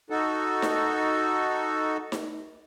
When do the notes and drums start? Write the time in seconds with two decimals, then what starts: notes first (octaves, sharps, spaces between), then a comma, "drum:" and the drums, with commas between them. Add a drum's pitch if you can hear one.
0.10 D#4 F#4 A4
0.62 drum: snare D#4
2.12 drum: snare D#4